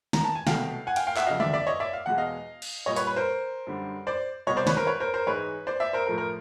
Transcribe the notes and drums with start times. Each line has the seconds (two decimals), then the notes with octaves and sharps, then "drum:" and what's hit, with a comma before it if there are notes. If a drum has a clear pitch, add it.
0.13 A#5, drum: snare
0.24 A5
0.35 G#5
0.47 C2 B2 F#3 A3 F5 G5, drum: snare
0.87 F#5 G#5
0.96 F5 G5, drum: cymbal
1.07 F5 G5
1.17 E5 F#5, drum: clap
1.27 F2 C#3 F#3 D#5 F5
1.40 D5 E5, drum: tom D3
1.53 D5 E5
1.67 C#5 D#5
1.80 D5 E5
1.93 F5
2.06 E2 B2 G#3 F#5
2.18 D#5 F5
2.62 drum: cymbal
2.86 A#2 G3 C#5 D#5
2.96 B4 C#5, drum: hi-hat
3.07 B4
3.16 A#4 C5
3.67 F#2 D3 G3
4.07 C5 D5
4.47 C2 B2 G3 C#5 D#5
4.57 C5 D5
4.67 B4 C#5, drum: snare
4.77 A#4 C5
4.87 B4 C#5
5.00 A#4 C5
5.14 A#4 C5
5.27 G#2 E3 G#3 B4 C#5
5.67 C5 D5
5.80 D5 E5
5.93 A#4 C5
6.07 A2 F3 A3 A#4
6.18 A#4